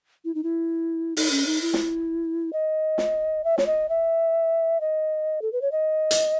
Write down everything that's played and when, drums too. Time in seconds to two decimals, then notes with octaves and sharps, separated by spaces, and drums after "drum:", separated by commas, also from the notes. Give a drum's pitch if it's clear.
0.25 E4
0.35 D#4
0.43 E4
1.17 D#4, drum: open hi-hat
1.31 C#4
1.46 D#4
1.62 E4
1.74 drum: snare
2.53 D#5
2.98 drum: snare
3.44 E5
3.58 C#5, drum: snare
3.66 D#5
3.89 E5
4.81 D#5
5.42 A4
5.53 B4
5.62 C#5
5.72 D#5
6.11 drum: hi-hat